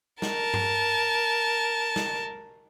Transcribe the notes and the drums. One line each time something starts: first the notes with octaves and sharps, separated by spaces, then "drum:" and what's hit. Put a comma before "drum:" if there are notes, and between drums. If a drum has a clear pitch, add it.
A#4 A5, drum: snare
drum: tom G2
drum: snare